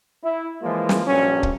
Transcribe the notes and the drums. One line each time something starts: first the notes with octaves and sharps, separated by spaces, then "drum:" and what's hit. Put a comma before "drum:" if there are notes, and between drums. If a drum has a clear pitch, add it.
E4
E3 F3 G#3 A#3 F4
drum: snare
A#1 G2 F#3 C#4
drum: kick